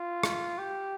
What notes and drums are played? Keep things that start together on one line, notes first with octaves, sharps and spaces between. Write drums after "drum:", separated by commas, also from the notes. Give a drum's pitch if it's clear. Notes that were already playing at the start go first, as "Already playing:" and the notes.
Already playing: F4
drum: rim click
G4